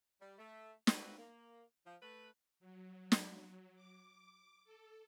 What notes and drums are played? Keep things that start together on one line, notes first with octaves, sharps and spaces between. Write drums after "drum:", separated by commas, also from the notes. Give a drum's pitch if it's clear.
G3
A3
C4 F4 F#4 A4 B4, drum: snare
A#3
F3
A3 B4
F#3
drum: snare
D6
A4